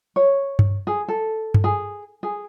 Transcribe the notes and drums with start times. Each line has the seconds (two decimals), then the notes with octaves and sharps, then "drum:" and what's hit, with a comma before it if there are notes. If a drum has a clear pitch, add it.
0.16 C#5
0.59 drum: tom G2
0.87 G#4
1.08 A4
1.54 drum: tom G2
1.64 G#4
2.23 G#4